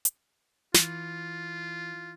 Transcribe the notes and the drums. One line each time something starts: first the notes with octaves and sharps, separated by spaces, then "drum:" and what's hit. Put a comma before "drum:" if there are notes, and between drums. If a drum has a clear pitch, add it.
drum: hi-hat
E3 F4, drum: snare